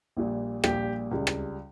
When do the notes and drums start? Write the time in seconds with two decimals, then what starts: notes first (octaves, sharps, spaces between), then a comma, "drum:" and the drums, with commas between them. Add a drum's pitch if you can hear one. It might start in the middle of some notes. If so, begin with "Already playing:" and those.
0.16 A#1 A#2 G3
0.64 A#1 A#2 G3 G4, drum: rim click
1.11 C#2 C#3 G3
1.27 drum: rim click